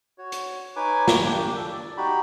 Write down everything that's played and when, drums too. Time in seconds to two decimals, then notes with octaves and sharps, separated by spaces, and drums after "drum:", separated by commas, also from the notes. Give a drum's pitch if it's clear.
0.18 F#4 C#5
0.32 drum: hi-hat
0.76 D#4 B4 C#5 G#5 D6
1.08 drum: snare
1.25 A#3 D4 G4
1.56 A4
1.72 D5
1.97 D#4 F#4 G4 B5